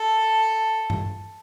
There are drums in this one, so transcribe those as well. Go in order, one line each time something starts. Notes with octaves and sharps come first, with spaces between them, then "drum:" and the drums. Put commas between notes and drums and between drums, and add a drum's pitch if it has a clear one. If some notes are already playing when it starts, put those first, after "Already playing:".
Already playing: A4
drum: tom G2